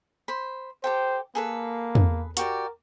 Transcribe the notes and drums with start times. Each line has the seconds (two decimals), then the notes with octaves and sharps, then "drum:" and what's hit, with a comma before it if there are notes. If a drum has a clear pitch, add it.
0.28 C5 B5
0.84 G4 A4 C5 G5
1.35 A#3 G#4 A4 B4
1.95 drum: tom
2.37 F#4 G4 A#4 D5, drum: hi-hat